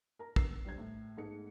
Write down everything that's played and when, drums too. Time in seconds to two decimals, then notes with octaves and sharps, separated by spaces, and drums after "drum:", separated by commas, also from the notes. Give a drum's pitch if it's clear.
0.19 A#4 A#5
0.36 D3 B3 A#4 E6 C7, drum: kick
0.65 G3 D4 C5 G#6
0.78 A2
1.17 G#2 A3 B3 G#4 C#7